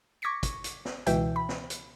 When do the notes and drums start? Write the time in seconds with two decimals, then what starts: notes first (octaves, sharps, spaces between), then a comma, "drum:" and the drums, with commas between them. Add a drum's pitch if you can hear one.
0.22 C#6 D6 G#6 A#6 B6 C#7
0.43 drum: kick, hi-hat
0.64 drum: hi-hat
0.85 drum: snare
1.06 C#2 B2 E3 E5 G5 G6, drum: hi-hat
1.36 B5
1.49 drum: snare
1.70 drum: hi-hat